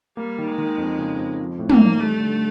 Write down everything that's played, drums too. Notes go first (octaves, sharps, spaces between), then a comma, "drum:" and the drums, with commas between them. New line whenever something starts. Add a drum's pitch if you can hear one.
G3 A#3
D#3
G#3
D#3
F2
C#3
F2
F3
A2
A#3, drum: tom
D#4
G3 A3
D3